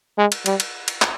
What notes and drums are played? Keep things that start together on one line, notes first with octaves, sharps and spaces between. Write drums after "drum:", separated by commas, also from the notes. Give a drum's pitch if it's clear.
G#3
drum: cymbal
G3, drum: cymbal
drum: cymbal
drum: cymbal
drum: clap